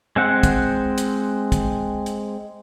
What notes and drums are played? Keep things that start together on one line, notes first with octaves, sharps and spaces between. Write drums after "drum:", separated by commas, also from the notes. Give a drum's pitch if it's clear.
G#3 C4 F#5
drum: kick, hi-hat
drum: hi-hat
drum: kick, hi-hat
drum: hi-hat